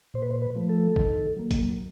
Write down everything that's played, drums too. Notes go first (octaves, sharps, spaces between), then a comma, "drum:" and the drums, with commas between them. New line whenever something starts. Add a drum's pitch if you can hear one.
A#2 C5
B4
C5
B4
F3 A3
A4
D#3, drum: kick
F#3 A#3
drum: kick, hi-hat